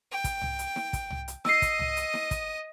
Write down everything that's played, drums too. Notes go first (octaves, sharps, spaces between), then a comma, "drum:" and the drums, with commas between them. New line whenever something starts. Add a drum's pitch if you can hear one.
G5
drum: kick, hi-hat
drum: tom
drum: hi-hat
drum: snare
drum: kick, hi-hat
drum: tom
drum: hi-hat
D#5 D#6 E6 C7, drum: snare
drum: kick, hi-hat
drum: tom
drum: hi-hat
drum: snare
drum: kick, hi-hat